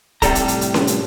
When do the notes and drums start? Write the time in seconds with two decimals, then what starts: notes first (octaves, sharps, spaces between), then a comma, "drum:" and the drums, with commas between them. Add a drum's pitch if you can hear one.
0.22 A2 C3 E3 G3 A4 A#5, drum: kick, hi-hat
0.35 drum: hi-hat
0.48 drum: hi-hat
0.61 drum: hi-hat
0.74 drum: snare C#4
0.87 drum: hi-hat